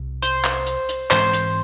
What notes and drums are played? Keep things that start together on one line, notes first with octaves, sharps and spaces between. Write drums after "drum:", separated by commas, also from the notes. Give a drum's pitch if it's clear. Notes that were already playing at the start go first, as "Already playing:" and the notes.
Already playing: C2 C3
C5, drum: hi-hat
drum: clap
drum: hi-hat
drum: hi-hat
G#2 E3 G#3 C4 C5, drum: clap
drum: hi-hat